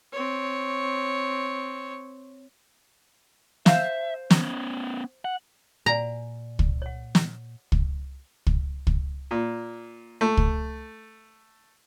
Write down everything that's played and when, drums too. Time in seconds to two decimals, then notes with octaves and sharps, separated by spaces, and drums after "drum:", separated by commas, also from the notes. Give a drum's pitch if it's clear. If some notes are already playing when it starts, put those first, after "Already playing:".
0.13 C4 C#5
3.66 C5 E5 F5 A5, drum: snare
4.31 B3 C#4, drum: snare
5.25 F#5
5.86 A#2 D5 F#5 G#5 A#5
6.59 drum: kick
6.82 C#5 F#5
7.15 drum: snare
7.72 drum: kick
8.47 drum: kick
8.87 drum: kick
9.31 A#2
10.21 A3
10.37 drum: kick